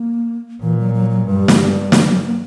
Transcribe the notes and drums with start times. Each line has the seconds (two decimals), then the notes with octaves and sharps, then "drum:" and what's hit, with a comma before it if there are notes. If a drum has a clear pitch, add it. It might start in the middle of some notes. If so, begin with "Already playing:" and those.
Already playing: A#3
0.61 A#2 E3
0.79 F#3
0.94 F#3
1.10 F#3
1.26 G2 G3
1.48 drum: snare
1.80 G3
1.92 F#3, drum: snare
2.07 F#3
2.24 A#3